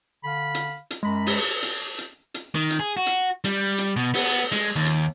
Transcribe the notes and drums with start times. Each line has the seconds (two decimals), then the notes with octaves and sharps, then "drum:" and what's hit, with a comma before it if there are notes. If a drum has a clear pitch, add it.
0.24 D3 F5 B5
0.55 drum: hi-hat
0.90 drum: hi-hat
1.03 F#2 G#3 A#5 B5
1.26 drum: open hi-hat
1.62 drum: hi-hat
1.98 drum: hi-hat
2.34 drum: hi-hat
2.55 D#3
2.70 drum: hi-hat
2.80 G#4
2.97 F#4
3.06 drum: hi-hat
3.44 G3, drum: hi-hat
3.78 drum: hi-hat
3.96 B2
4.14 B3, drum: open hi-hat
4.52 G#3, drum: hi-hat
4.76 D#2
4.86 drum: hi-hat